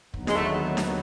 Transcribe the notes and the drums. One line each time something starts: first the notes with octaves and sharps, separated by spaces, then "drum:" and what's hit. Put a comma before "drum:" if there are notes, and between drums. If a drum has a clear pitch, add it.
D#2 D3 F#3 B3 D#4, drum: kick
G#3, drum: snare D#4
A3
drum: snare D#4